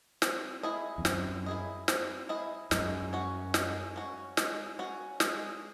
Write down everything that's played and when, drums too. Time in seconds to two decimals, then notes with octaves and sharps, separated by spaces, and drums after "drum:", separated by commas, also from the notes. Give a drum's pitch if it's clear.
0.22 C4, drum: snare
0.63 E4 G#4 D#5
0.98 E2
1.05 F#2 C4, drum: snare
1.46 E4 G#4 D#5
1.88 C4, drum: snare
2.29 E4 G#4 D#5
2.71 F#2 G#3, drum: snare
3.13 C#4 F#4
3.54 G#3, drum: snare
3.96 C#4 F#4
4.37 G#3, drum: snare
4.79 C#4 F#4
5.20 G#3, drum: snare